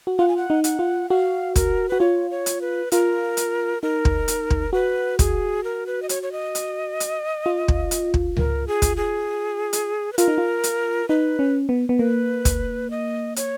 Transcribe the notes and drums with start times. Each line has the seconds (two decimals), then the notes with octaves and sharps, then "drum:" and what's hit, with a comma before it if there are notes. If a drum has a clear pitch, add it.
0.07 F#4
0.19 F4 F#5
0.28 G#5
0.37 F#5
0.50 D#4
0.64 F#5, drum: hi-hat
0.79 F4
1.09 F#4 F5
1.56 A#4, drum: kick, hi-hat
1.89 F#4 B4
2.00 F4 C#5
2.31 C#5
2.46 drum: hi-hat
2.61 B4
2.92 F4 A#4, drum: hi-hat
3.37 drum: hi-hat
3.82 D#4 A#4
4.05 drum: kick
4.28 drum: hi-hat
4.50 drum: kick
4.73 F#4 B4
5.19 G#4, drum: kick, hi-hat
5.64 A#4
5.87 B4
6.02 D#5
6.09 C#5, drum: hi-hat
6.23 C#5
6.32 D#5
6.55 drum: hi-hat
7.00 drum: hi-hat
7.46 F4
7.68 drum: kick
7.91 drum: hi-hat
8.14 drum: kick
8.37 A#4, drum: tom C#2
8.67 G#4
8.82 drum: kick, hi-hat
8.97 G#4
9.73 drum: hi-hat
10.13 B4
10.18 F4 A#4, drum: hi-hat
10.28 D#4
10.38 F4
10.64 drum: hi-hat
11.09 D#4 B4
11.39 C#4
11.69 B3
11.89 B3
11.99 A#3 B4
12.45 drum: kick, hi-hat
12.90 D#5
13.36 C#5, drum: hi-hat